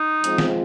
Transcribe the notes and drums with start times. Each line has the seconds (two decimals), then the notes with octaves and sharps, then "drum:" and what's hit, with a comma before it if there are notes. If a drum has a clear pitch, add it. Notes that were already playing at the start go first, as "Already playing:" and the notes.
Already playing: D#4
0.24 F3 G#3 C4 F4, drum: hi-hat
0.38 drum: snare